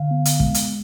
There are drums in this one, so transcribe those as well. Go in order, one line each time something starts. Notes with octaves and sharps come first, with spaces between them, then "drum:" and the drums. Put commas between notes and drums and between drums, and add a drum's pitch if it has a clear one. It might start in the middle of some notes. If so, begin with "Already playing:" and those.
Already playing: D3 F5
B3
drum: hi-hat
G#3, drum: kick
drum: hi-hat